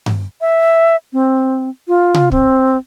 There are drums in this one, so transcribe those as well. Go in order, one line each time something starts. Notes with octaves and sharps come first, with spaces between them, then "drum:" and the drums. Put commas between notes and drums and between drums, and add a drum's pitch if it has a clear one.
drum: tom G2
E5
C4
F4
drum: tom C3
C4, drum: kick